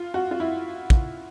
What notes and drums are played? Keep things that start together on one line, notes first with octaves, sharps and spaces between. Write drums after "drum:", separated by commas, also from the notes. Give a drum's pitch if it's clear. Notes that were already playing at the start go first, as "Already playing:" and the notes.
Already playing: F4
F#4
F4
E4
drum: kick